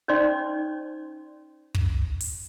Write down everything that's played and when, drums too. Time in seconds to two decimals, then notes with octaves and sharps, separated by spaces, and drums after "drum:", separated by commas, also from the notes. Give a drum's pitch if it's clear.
0.08 C#4 D#4 C5 D5 C6
1.74 drum: kick
2.20 drum: open hi-hat